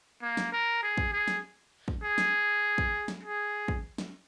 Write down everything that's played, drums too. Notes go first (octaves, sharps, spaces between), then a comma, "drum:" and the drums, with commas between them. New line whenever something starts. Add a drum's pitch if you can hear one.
A#3
drum: snare
A#4
G#4
drum: kick
G#4
drum: snare
drum: kick
G#4
drum: snare
drum: kick
drum: snare
G#4
drum: kick
drum: snare